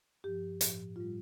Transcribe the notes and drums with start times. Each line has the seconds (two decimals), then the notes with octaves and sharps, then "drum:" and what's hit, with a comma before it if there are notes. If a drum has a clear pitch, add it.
0.24 G2 F3 G4
0.61 A2 F3, drum: hi-hat
0.96 A2 G3 F4